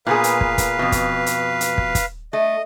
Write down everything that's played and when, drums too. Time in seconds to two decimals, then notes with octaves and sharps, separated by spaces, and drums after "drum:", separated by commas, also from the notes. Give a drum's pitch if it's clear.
0.07 A#2 B3 G#4 B4 F5
0.24 drum: hi-hat
0.41 drum: kick
0.58 drum: kick, hi-hat
0.79 F2 B2
0.92 drum: kick, hi-hat
1.26 drum: hi-hat
1.61 drum: hi-hat
1.78 drum: kick
1.95 drum: kick, hi-hat
2.33 A3 D#5